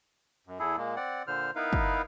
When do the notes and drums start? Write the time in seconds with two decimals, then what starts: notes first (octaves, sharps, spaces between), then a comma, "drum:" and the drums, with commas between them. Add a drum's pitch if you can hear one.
0.47 F#2
0.59 E2 E4 G#4 A4
0.77 A#2 G#3 A#3
0.96 C4 D5 F#5
1.27 A#2 D3 C5 F6
1.56 B3 D#4 E4 A#4 B4 F5
1.73 drum: kick